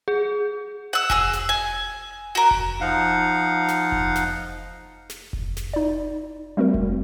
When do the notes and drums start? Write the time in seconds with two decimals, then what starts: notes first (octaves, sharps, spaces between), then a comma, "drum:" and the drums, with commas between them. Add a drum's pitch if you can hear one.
0.08 G#4
0.93 F#5 E6
1.10 F#4 G#4 E6, drum: kick F1
1.33 drum: snare
1.49 G#5
2.35 F#4 A#4
2.51 drum: kick F1
2.81 F3 D#4 F5 F#5
3.68 drum: snare
3.92 drum: kick F1
4.15 drum: snare
5.10 drum: snare
5.33 drum: kick F1
5.57 drum: snare
5.74 D#4 D5
6.57 G3 A3 C4 F#4 A#4
6.74 drum: kick F1